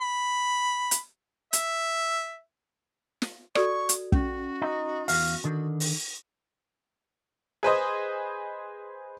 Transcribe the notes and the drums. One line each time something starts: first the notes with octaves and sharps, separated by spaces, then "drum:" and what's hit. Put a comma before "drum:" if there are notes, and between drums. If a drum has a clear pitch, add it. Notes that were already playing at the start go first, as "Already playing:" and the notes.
B5
drum: hi-hat
E5, drum: hi-hat
drum: snare
F#4 A4 D5 C#6, drum: rim click
drum: hi-hat
C#4 F#4, drum: kick
D#4
E2 F5, drum: open hi-hat
D3 D#3
drum: open hi-hat
G#4 B4 C5 D#5